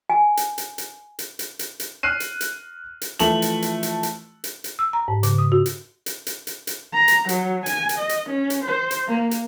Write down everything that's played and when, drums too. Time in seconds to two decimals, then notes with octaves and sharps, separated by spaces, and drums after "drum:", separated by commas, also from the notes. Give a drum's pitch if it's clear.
0.10 G#5
0.37 drum: hi-hat
0.58 drum: hi-hat
0.78 drum: hi-hat
1.19 drum: hi-hat
1.39 drum: hi-hat
1.59 drum: hi-hat
1.80 drum: hi-hat
2.03 F6 F#6 C7 D#7
2.20 drum: hi-hat
2.41 drum: hi-hat
3.01 drum: hi-hat
3.19 E3 F3 A3 F7 F#7, drum: hi-hat
3.42 drum: hi-hat
3.62 drum: hi-hat
3.83 drum: hi-hat
4.03 drum: hi-hat
4.44 drum: hi-hat
4.64 drum: hi-hat
4.79 E6
4.93 A#5
5.08 G#2
5.23 C#3, drum: hi-hat
5.38 D#6
5.52 F#4
5.66 drum: hi-hat
6.06 drum: hi-hat
6.27 drum: hi-hat
6.47 drum: hi-hat
6.67 drum: hi-hat
6.93 A#5
7.08 drum: hi-hat
7.29 F#3, drum: hi-hat
7.66 G#5, drum: hi-hat
7.89 drum: hi-hat
7.99 D#5
8.09 drum: hi-hat
8.30 C#4
8.50 drum: hi-hat
8.65 C5
8.91 drum: hi-hat
9.08 A#3
9.31 drum: hi-hat